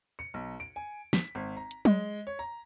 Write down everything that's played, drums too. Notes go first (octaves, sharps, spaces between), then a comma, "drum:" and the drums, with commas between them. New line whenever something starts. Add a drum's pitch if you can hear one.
C#7
B1
D7
G#5
B6, drum: snare
G#1
A#5
drum: hi-hat
G#3, drum: tom F#3
C#5
A#5